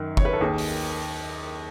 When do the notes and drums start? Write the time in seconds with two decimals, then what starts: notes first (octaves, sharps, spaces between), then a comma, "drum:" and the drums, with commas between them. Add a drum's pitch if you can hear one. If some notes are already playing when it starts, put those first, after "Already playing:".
Already playing: F#2 D#3
0.17 C#5, drum: kick
0.25 B4
0.33 A4
0.41 D#2 D#3 G#4
0.58 drum: open hi-hat